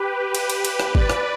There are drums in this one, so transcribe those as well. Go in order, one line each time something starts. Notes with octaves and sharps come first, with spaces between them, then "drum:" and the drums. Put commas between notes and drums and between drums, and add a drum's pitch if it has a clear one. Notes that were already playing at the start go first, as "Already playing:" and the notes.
Already playing: G4 B4
drum: cymbal
drum: cymbal
drum: cymbal
drum: rim click
B4 D5, drum: kick G#1
drum: rim click